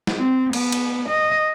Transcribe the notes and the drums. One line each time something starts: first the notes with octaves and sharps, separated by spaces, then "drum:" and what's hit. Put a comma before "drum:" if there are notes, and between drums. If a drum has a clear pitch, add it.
drum: snare
C4
B3, drum: cymbal
drum: cymbal
D#5